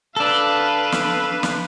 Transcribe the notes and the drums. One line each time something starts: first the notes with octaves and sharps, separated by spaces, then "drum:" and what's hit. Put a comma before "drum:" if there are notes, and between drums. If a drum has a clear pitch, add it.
D4 A4 B4 F5
drum: snare
drum: snare